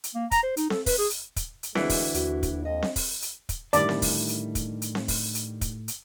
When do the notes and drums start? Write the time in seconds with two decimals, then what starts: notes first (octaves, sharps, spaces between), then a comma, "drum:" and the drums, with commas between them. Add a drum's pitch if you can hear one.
0.04 drum: hi-hat
0.15 A#3
0.31 A#5, drum: kick, hi-hat
0.43 C5
0.57 D#4, drum: hi-hat
0.70 A4, drum: snare C4
0.86 B4, drum: kick, open hi-hat
0.98 G#4
1.10 drum: hi-hat
1.36 drum: kick, hi-hat
1.63 drum: hi-hat
1.75 D2 E3 G#3 D4 E4, drum: snare C4
1.90 drum: kick, open hi-hat
2.14 D#2 F#4, drum: hi-hat
2.43 drum: kick, hi-hat
2.65 F2 D#5
2.82 drum: snare C4
2.96 drum: kick, open hi-hat
3.22 drum: hi-hat
3.49 drum: kick, hi-hat
3.73 A2 D3 D#3 G3 D5 E5 A5, drum: hi-hat
3.89 drum: snare C4
4.02 drum: kick, open hi-hat
4.29 drum: hi-hat
4.55 drum: kick, hi-hat
4.82 drum: hi-hat
4.95 drum: snare C4
5.08 drum: kick, open hi-hat
5.35 drum: hi-hat
5.61 drum: kick, hi-hat
5.88 drum: hi-hat